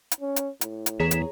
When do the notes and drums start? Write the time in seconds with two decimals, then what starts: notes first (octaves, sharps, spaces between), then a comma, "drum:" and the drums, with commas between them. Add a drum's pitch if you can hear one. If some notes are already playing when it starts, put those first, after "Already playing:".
0.11 drum: hi-hat
0.21 C#4
0.36 drum: hi-hat
0.61 A2, drum: hi-hat
0.86 drum: hi-hat
1.00 E2 E3 G#4 C#5 A#5
1.11 drum: hi-hat